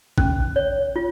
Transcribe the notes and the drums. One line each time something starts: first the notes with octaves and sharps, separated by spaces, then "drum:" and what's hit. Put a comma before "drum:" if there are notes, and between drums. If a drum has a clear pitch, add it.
C#4, drum: kick A1
C#5
F4